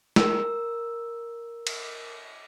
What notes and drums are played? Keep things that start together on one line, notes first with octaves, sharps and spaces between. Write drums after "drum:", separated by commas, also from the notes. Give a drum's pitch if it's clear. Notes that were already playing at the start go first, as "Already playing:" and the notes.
A#4 E6, drum: snare
drum: cymbal